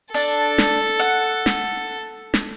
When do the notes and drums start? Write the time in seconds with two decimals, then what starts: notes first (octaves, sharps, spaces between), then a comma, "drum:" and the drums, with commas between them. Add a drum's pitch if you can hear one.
0.14 D4 A4
0.58 drum: snare
1.00 F#5
1.46 drum: snare
2.34 drum: snare